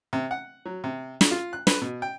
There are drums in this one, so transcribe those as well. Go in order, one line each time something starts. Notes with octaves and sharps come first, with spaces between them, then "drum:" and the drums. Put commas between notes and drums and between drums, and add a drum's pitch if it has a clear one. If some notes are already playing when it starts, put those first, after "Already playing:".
C3
F#5
F#3
C3
drum: snare
F4
F#6
B4, drum: snare
B2
G5